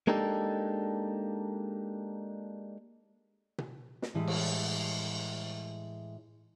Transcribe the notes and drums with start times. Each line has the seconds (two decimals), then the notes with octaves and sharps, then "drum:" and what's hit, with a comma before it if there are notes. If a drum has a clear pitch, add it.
0.07 G#3 A#3 D4 D#4 G4 A4
3.58 drum: tom B2
4.02 drum: snare
4.15 A2 E3 G3 G#3 E4
4.28 drum: cymbal